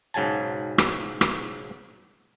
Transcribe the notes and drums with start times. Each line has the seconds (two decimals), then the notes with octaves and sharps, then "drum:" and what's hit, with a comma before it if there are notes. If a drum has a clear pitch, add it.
0.14 B1 G#2 C#3 F#3 G#5 A5
0.78 drum: rim click
1.21 drum: rim click